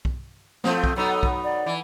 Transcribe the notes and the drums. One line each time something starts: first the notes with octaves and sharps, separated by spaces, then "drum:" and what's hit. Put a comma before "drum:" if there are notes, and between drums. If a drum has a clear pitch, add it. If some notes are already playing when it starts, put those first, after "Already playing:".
drum: kick B1
F3 A3 C4, drum: snare
drum: kick B1
F#3 B3 D#4 A4
drum: kick B1
D5
E3